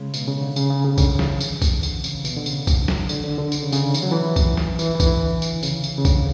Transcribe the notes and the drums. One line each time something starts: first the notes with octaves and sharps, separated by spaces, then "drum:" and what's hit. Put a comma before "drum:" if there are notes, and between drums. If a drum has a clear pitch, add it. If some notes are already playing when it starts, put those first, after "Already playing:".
Already playing: C#3 G#3
B2, drum: tambourine
C#3
D3
C#3, drum: tambourine
C#3
C#3
D3, drum: kick, tambourine
E3, drum: snare
drum: tambourine
drum: kick, tambourine
D3, drum: tambourine
C#3, drum: tambourine
B2, drum: tambourine
D3
C#3, drum: tambourine
drum: kick, tambourine
F#3, drum: snare
D3, drum: tambourine
D3
D3
drum: tambourine
C#3
C#3, drum: tambourine
D3
E3, drum: tambourine
F#3
E3
drum: kick, tambourine
drum: snare
E3, drum: tambourine
E3
D3, drum: kick, tambourine
drum: tambourine
C#3, drum: tambourine
E3, drum: tambourine
C#3
D3, drum: kick, tambourine